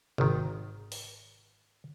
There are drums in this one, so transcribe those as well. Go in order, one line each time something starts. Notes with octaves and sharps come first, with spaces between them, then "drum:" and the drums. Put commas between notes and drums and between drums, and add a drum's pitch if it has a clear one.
G#1 D#3, drum: tom C3
drum: open hi-hat